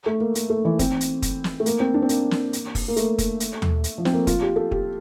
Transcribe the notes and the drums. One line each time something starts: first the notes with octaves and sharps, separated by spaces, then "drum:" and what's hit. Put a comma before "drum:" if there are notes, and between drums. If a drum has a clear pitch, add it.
A3
A#3
A#3, drum: hi-hat
A3
E3
C4, drum: kick, hi-hat
drum: hi-hat
drum: kick, hi-hat
drum: snare
A3
A#3, drum: hi-hat
C4
D4
C4
A#3, drum: hi-hat
drum: snare
drum: hi-hat
drum: kick, open hi-hat
A#3
A3, drum: hi-hat
drum: kick, hi-hat
drum: hi-hat
drum: tom D#2
drum: hi-hat
F3
C4, drum: snare
A#3
F4, drum: kick, hi-hat
G4
A4
G4, drum: kick